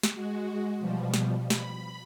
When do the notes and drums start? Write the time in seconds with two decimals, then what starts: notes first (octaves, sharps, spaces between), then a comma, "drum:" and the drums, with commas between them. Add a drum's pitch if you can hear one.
0.03 drum: snare
0.15 G#3 F#4
0.79 B2 F3 G3
1.14 drum: snare
1.50 B5, drum: snare